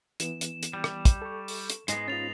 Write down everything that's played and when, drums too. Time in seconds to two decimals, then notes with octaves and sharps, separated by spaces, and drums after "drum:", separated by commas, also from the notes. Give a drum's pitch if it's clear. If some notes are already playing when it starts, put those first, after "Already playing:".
0.20 E3 B3 E7, drum: hi-hat
0.41 drum: hi-hat
0.63 drum: hi-hat
0.73 G3
0.84 drum: rim click
1.05 drum: kick, hi-hat
1.22 A4 C#6
1.48 drum: open hi-hat
1.70 drum: hi-hat
1.88 G#2 G#3 B3 D#5 G#5 C6 A#6 C7, drum: hi-hat
2.08 C#4 F4 A6 F7